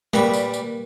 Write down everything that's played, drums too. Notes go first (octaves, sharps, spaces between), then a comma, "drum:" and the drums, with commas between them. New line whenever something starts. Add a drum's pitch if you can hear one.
A#2 G3 B4 B5 C#6, drum: snare
drum: tambourine
drum: tambourine